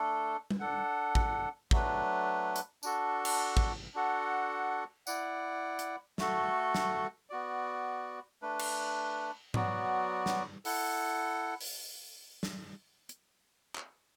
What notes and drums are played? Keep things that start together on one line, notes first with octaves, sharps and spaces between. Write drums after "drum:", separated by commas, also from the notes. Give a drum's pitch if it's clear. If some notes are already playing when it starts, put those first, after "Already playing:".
Already playing: A3 D4 A4
drum: tom G3
D4 A4 F#5
drum: kick
F#3 A3 D4 B4, drum: kick
drum: hi-hat
D4 F#4 A4, drum: tambourine
drum: cymbal
drum: kick
D4 F#4 A4 F#5
E4 D5 F#5, drum: tambourine
drum: hi-hat
A3 F#4 A4, drum: snare
drum: snare
B3 F#4 D5
A3 D4 B4
drum: cymbal
F#3 B3 F#4 D5, drum: tom G#2
drum: snare
E4 A4 F#5, drum: open hi-hat
drum: open hi-hat
drum: snare
drum: hi-hat
drum: clap